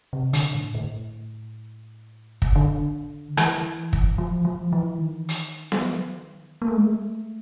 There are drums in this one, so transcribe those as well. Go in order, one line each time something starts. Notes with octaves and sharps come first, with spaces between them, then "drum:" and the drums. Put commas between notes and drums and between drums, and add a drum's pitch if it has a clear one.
C3
D3, drum: hi-hat
A2
A2
drum: kick
D3
E3, drum: rim click
drum: kick
F3
F3
E3
D#3
drum: hi-hat
drum: snare B3
A#3
A3
G#3
A3